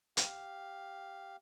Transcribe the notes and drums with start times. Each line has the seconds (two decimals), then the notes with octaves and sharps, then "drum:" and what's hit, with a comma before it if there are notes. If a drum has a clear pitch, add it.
0.17 G4 F5, drum: hi-hat